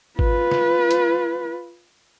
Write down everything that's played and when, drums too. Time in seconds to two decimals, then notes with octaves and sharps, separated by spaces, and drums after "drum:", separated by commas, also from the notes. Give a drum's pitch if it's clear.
0.19 F4 B4, drum: kick G#1
0.51 drum: snare
0.91 drum: hi-hat